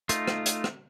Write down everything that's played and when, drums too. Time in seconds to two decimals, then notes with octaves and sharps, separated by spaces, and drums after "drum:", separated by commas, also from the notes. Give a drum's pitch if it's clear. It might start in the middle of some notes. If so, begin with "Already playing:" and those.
0.09 A3 D#4 F4, drum: hi-hat
0.28 drum: rim click
0.46 drum: hi-hat
0.64 drum: rim click